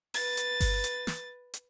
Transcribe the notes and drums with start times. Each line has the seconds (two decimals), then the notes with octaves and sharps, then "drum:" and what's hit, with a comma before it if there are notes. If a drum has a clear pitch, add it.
0.14 B4 A6, drum: open hi-hat
0.37 drum: hi-hat
0.61 drum: kick G1, open hi-hat
0.84 drum: hi-hat
1.07 drum: snare
1.54 drum: hi-hat